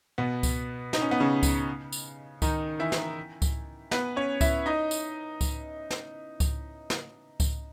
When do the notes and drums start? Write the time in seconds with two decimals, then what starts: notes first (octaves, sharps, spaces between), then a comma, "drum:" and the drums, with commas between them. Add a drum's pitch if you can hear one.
0.18 B2 B3
0.43 drum: kick C#2, tambourine
0.93 D#4, drum: snare
1.02 C#4
1.11 B3
1.20 C#3 C#4
1.43 drum: kick C#2, tambourine
1.92 drum: tambourine
2.42 D#3 D#4, drum: kick C#2, tambourine
2.79 E3 E4
2.92 drum: snare
3.42 drum: kick C#2, tambourine
3.91 B3 B4, drum: snare
4.16 C#4 C#5
4.41 E4 E5, drum: kick C#2, tambourine
4.66 D#4 D#5
4.91 drum: tambourine
5.41 drum: kick C#2, tambourine
5.90 drum: snare
6.40 drum: kick C#2, tambourine
6.90 drum: snare
7.40 drum: kick C#2, tambourine